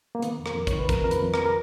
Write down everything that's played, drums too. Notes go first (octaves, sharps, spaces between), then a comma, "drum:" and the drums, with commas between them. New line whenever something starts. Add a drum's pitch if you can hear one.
A#3
D#3 B3, drum: hi-hat
F2
A#4, drum: rim click
F2
C#5, drum: kick, hi-hat
D#3
B4
F2 A#4, drum: kick, hi-hat
F2 A#4
B4, drum: hi-hat
F2
A#4, drum: rim click
A#4